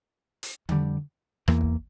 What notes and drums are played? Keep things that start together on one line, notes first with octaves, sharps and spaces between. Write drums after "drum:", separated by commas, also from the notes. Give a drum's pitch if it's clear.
drum: hi-hat
F2 D3 G3, drum: tom D3
E2 E3 A#3, drum: rim click
drum: kick